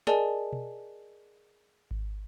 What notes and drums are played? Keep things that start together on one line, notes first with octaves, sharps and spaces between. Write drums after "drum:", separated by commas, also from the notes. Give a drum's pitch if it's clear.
G#4 A#4 D5 D#5 G#5 A5, drum: snare
drum: tom B2
drum: kick G#1